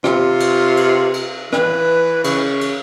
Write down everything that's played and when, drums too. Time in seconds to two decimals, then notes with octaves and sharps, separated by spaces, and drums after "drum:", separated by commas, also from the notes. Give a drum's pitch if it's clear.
0.04 C3 F4, drum: rim click
0.40 drum: cymbal
0.77 drum: cymbal
1.14 drum: cymbal
1.53 E3 B4, drum: rim click
2.24 C#3, drum: cymbal
2.61 drum: cymbal